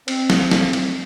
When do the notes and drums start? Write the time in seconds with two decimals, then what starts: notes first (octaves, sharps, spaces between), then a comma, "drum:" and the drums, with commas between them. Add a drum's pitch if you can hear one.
0.08 C4, drum: cymbal
0.30 drum: snare
0.51 drum: snare
0.73 drum: cymbal